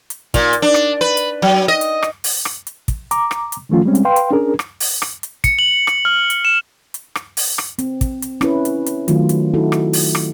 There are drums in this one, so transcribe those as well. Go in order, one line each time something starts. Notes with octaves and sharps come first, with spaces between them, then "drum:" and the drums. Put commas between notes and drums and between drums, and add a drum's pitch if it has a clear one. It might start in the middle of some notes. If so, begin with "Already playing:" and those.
drum: hi-hat
A#2, drum: kick, hi-hat
drum: hi-hat
D4
drum: rim click
B4
drum: hi-hat
F#3
D#5
drum: hi-hat
drum: rim click
drum: open hi-hat
drum: rim click
drum: hi-hat
drum: kick, hi-hat
A#5 D6, drum: hi-hat
drum: rim click
drum: hi-hat
D#3 F3 A3 C#4 F4
G3 G#3 C4 C#4
drum: hi-hat
B4 F5 G5 C6
drum: hi-hat
C#4 D4 G#4 A#4
drum: rim click
drum: open hi-hat
drum: rim click
drum: hi-hat
C#7, drum: kick, hi-hat
F#7
drum: rim click
F6
drum: hi-hat
E7
drum: hi-hat
drum: rim click
drum: open hi-hat
drum: rim click
C4, drum: hi-hat
drum: kick, hi-hat
drum: hi-hat
C#4 E4 B4, drum: rim click
drum: hi-hat
drum: hi-hat
D#3 F#3 A3 F4, drum: hi-hat
drum: hi-hat
D#4 E4 F#4 A4
drum: rim click
drum: open hi-hat
drum: rim click